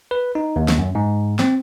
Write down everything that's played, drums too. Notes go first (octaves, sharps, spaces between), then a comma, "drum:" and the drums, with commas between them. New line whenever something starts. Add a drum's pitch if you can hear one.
B4
D#4
D#2
drum: snare
F#2
G#2
C4, drum: snare